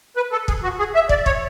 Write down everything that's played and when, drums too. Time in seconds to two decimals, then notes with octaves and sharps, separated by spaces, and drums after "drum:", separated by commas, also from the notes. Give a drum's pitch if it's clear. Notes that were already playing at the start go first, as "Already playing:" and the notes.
0.16 B4
0.32 A4
0.48 G#4, drum: kick
0.63 F#4
0.79 G#4
0.95 E5
1.09 D5, drum: kick
1.26 C#5, drum: kick